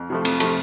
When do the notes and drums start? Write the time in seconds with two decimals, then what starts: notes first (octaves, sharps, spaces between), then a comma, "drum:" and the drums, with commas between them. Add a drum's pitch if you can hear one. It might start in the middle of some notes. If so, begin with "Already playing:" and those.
Already playing: F2
0.10 C3 F3 A3
0.25 F2, drum: cymbal
0.40 C3 F3 A3, drum: cymbal